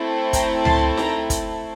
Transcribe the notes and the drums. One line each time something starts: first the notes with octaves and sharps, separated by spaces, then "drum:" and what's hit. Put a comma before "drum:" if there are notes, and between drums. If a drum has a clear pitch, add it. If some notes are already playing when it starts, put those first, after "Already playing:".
Already playing: A3 C4 E4 A4
G5 A#5, drum: kick, hi-hat
A5 C6, drum: tom C#2
G5 A#5, drum: snare D#4
drum: kick, hi-hat